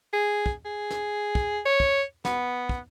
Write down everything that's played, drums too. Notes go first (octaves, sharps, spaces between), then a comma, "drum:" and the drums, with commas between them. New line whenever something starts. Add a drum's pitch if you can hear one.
G#4
drum: kick
G#4
drum: snare
drum: kick
C#5
drum: kick
B3, drum: snare
drum: kick